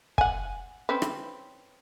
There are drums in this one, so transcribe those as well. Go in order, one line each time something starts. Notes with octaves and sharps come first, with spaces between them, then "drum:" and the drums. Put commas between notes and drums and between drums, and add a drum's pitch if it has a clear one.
F#5 G#5, drum: kick
C4 C#4 B4
drum: rim click